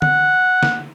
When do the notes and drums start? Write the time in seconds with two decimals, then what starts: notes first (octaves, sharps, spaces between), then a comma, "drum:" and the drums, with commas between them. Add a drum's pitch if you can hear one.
0.02 F#5, drum: tom D3
0.63 drum: snare